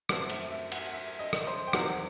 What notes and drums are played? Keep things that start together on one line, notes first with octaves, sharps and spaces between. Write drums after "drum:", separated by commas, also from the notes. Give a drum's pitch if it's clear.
F#2 F#3 A3 C4 F#5, drum: rim click
E5, drum: cymbal
E5
F#5, drum: cymbal
E5
D#5
drum: rim click
C5
G5
E2 D#3 F#3 C4 F#5, drum: rim click